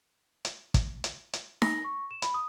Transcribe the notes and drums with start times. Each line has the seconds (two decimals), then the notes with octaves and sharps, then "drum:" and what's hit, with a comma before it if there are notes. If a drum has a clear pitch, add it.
0.45 drum: hi-hat
0.74 drum: kick, hi-hat
1.04 drum: hi-hat
1.33 drum: hi-hat
1.62 A#6, drum: snare D#4
1.84 C#6
2.11 E7
2.22 B5, drum: hi-hat
2.34 D#6